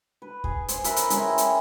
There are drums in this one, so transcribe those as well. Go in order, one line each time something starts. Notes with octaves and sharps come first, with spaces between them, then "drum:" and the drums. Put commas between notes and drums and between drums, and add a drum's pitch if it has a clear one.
B4
G#4, drum: kick
C5, drum: hi-hat
A#4 B4 E5, drum: hi-hat
drum: hi-hat
G#3 C#4 E4 A#4, drum: hi-hat
G5
drum: hi-hat